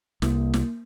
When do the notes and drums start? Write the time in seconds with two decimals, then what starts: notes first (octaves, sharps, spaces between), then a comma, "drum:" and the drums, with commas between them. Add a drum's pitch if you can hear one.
0.22 C2 A#3, drum: snare
0.54 drum: snare